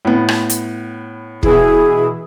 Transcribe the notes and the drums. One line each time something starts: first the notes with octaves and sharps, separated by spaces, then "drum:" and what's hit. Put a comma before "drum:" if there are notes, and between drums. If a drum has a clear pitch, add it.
A2 B3
drum: rim click
drum: hi-hat
B2 E3 E4 G#4, drum: kick